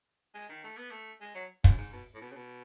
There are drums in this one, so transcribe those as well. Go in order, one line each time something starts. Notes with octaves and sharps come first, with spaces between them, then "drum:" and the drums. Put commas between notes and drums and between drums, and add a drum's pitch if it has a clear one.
G#3
D#3
A3
B3
A3
G#3
F#3
F#2, drum: kick
G#2
B2
A2
B2
C#3
B2